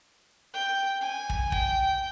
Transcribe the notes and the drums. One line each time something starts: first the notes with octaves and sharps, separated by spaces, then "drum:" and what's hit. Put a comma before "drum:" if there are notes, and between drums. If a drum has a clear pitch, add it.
G5
G#5
drum: kick
G5, drum: kick